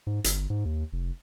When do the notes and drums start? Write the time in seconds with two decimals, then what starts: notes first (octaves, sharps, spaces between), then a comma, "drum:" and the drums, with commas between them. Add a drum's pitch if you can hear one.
0.07 G#2
0.24 G1, drum: hi-hat
0.50 G#2
0.65 D#2
0.93 F1